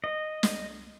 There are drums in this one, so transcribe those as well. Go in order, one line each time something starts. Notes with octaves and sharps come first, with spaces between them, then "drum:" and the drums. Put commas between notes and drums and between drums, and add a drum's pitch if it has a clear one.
D#5
drum: snare